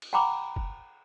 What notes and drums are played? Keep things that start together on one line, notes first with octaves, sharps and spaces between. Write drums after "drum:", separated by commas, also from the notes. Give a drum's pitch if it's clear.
drum: cymbal
F#5 G5 A#5 B5 D6
drum: kick